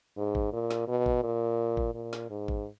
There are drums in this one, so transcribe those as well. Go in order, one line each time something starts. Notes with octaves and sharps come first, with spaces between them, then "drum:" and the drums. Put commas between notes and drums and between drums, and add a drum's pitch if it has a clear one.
G#2
drum: kick G#1
A#2
drum: snare
B2
drum: kick G#1
A#2
drum: kick G#1
A#2
drum: snare
G#2
drum: kick G#1